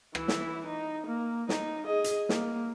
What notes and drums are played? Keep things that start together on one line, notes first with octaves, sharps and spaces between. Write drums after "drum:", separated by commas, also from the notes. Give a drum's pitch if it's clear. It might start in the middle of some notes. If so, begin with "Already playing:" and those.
E3 E4, drum: rim click
drum: snare
D#4
A#3
D#4, drum: snare
G#4 D#5
drum: hi-hat
A#3, drum: snare